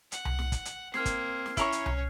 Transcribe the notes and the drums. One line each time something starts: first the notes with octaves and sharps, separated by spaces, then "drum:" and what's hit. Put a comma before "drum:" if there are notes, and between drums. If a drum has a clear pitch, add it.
F#5, drum: hi-hat
drum: tom C2
drum: snare
drum: kick, hi-hat
drum: hi-hat
A#3 C4 F6 G#6 C7, drum: snare
drum: kick, hi-hat
drum: snare
C#4 E4 C#5 A#5 C#6, drum: kick, hi-hat
drum: hi-hat
drum: tom C2